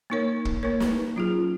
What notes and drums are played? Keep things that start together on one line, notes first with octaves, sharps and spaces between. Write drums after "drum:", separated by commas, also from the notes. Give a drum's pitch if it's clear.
A#3 D#4 A#4 C#5
drum: kick
A#3 D#4 A#4 C#5
drum: snare
F#3 C#4 F4 G#4